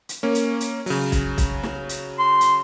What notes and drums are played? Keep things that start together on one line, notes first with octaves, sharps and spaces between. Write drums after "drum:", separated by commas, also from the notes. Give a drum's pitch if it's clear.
drum: hi-hat
A#3 C#4
drum: hi-hat
drum: hi-hat
C#3 F#3, drum: open hi-hat
drum: kick, hi-hat
drum: kick, hi-hat
drum: snare
drum: hi-hat
C6
drum: hi-hat